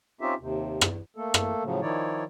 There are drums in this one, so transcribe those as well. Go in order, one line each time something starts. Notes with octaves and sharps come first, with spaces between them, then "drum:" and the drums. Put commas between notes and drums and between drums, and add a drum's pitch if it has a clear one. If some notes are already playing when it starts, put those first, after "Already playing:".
C4 C#4 D#4 F4 G4 E5
D#2 C3
drum: rim click
A3 A#3 A4
drum: rim click
A2 C#3 F3 F#3
D#3 F3 D#4 E4 C#5 D5